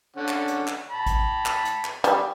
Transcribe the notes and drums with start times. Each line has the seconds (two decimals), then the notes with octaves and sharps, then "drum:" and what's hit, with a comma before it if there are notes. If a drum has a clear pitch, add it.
0.16 D3 C#4 F#5
0.28 drum: clap
0.48 drum: hi-hat
0.67 drum: clap
0.91 A5 B5
1.06 drum: kick, hi-hat
1.46 drum: clap
1.65 drum: hi-hat
1.85 drum: clap
2.04 G3, drum: hi-hat